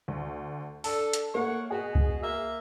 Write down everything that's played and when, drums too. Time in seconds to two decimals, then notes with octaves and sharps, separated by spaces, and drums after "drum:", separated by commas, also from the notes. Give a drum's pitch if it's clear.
0.08 D2
0.84 D4 A4 A5, drum: open hi-hat
1.13 drum: hi-hat
1.34 A3 A#3 C#5 F#5
1.71 B2 F#4 G#4
1.95 drum: kick C2
2.23 A#3 E5